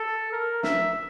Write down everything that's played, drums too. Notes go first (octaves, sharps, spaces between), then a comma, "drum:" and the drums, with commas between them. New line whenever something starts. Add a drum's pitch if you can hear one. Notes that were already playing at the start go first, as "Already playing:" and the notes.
Already playing: A4
A#4
E5, drum: snare